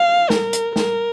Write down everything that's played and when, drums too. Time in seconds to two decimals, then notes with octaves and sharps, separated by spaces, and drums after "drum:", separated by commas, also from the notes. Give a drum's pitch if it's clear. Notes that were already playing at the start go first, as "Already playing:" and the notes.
Already playing: F5
0.30 A#4, drum: snare
0.53 drum: hi-hat
0.76 A#4, drum: snare